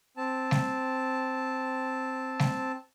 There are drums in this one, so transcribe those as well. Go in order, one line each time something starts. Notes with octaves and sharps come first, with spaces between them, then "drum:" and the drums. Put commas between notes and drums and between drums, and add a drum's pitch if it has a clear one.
C4 A5
drum: snare G3
drum: snare G3